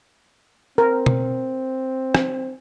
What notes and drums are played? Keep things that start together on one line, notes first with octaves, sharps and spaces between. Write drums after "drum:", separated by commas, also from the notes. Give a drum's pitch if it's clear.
C4 A#4
drum: tom B2
drum: rim click